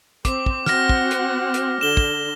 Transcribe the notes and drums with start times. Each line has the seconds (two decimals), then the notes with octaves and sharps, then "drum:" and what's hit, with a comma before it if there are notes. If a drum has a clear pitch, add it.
0.25 C4 D6, drum: kick, hi-hat
0.46 drum: kick
0.66 C4 F#4 F#5 F6 A#6, drum: snare
0.89 drum: kick
1.11 drum: hi-hat
1.54 drum: hi-hat
1.81 D3 E7 G7
1.97 drum: kick